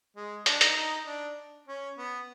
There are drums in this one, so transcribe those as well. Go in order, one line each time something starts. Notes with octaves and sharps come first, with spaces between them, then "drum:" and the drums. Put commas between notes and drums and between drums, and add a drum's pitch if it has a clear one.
G#3
D4, drum: hi-hat
D#4, drum: hi-hat
D#4
D4
C#4
B3